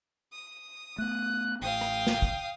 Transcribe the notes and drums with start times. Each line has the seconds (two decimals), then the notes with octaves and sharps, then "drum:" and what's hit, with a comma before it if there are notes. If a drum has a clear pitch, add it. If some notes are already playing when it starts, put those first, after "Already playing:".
0.33 D#6
0.98 A3 B3 F#6
1.62 A1 F5 G5 D#6
1.81 drum: rim click
2.07 drum: snare
2.22 drum: kick